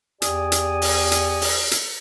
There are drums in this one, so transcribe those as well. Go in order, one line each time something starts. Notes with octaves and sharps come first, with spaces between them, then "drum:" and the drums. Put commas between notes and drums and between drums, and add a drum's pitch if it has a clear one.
E2 G4 D5 G#5 D#6, drum: hi-hat
drum: hi-hat
drum: open hi-hat
drum: hi-hat
drum: open hi-hat
drum: hi-hat